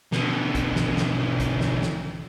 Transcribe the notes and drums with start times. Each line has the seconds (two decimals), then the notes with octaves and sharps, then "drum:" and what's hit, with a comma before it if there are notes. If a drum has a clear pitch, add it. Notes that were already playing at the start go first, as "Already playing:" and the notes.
0.12 B2 D3, drum: snare
0.55 drum: kick, hi-hat
0.76 drum: snare
0.97 drum: snare
1.40 drum: kick, hi-hat
1.61 drum: snare
1.82 drum: snare